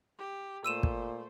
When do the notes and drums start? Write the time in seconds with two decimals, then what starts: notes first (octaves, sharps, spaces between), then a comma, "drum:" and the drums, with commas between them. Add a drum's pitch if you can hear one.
0.18 G4
0.64 A#2 A3 C5 E6 D#7 E7
0.83 drum: kick